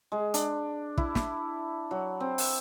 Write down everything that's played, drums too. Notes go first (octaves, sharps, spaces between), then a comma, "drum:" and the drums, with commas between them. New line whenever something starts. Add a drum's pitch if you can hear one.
G#3
D4, drum: hi-hat
E4, drum: kick
drum: snare
F#3
C4
drum: open hi-hat